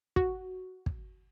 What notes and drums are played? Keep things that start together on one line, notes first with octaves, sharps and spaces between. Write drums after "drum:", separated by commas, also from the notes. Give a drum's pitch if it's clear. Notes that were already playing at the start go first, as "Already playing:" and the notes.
F#4, drum: kick
drum: kick